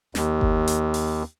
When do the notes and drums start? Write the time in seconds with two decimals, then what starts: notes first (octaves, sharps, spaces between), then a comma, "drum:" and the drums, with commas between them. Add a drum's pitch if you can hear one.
0.15 D#2, drum: snare
0.41 drum: kick G1
0.68 drum: hi-hat
0.94 drum: open hi-hat